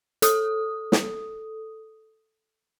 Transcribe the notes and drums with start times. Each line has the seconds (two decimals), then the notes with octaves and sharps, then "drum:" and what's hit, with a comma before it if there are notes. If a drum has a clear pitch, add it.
0.22 A4 D#6, drum: hi-hat
0.92 drum: snare